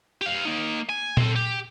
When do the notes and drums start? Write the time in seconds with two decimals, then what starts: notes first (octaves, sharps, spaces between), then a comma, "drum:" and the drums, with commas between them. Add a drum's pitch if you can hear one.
0.22 G4 F5
0.45 A#3 D#4
0.89 G#5
1.17 C4 A4, drum: tom A#2
1.36 G4